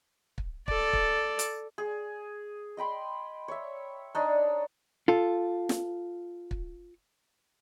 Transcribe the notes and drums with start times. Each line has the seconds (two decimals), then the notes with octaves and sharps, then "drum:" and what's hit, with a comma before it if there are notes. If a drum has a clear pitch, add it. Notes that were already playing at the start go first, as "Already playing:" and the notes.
0.38 drum: kick
0.68 A4 D5, drum: kick
0.93 drum: kick
1.39 drum: hi-hat
1.78 G#4
2.77 D#5 G5 B5 C6
3.48 C#5 E5
4.15 D4 D#4 C#5
5.08 F4 A4
5.69 drum: snare
6.51 drum: kick